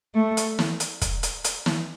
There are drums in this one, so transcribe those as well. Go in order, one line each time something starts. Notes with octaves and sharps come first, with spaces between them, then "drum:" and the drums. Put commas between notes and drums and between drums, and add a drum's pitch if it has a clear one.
A3
drum: hi-hat
drum: snare
drum: hi-hat
drum: kick, hi-hat
drum: hi-hat
drum: hi-hat
drum: snare